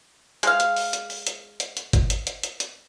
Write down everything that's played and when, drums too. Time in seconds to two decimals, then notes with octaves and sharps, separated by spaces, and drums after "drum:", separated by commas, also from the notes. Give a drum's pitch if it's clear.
0.43 G#3 G#4 F5, drum: hi-hat
0.60 drum: hi-hat
0.76 drum: open hi-hat
0.93 drum: hi-hat
1.10 drum: open hi-hat
1.27 drum: hi-hat
1.60 drum: hi-hat
1.77 drum: hi-hat
1.93 drum: kick G1, hi-hat
2.10 drum: hi-hat
2.27 drum: hi-hat
2.43 drum: hi-hat
2.60 drum: hi-hat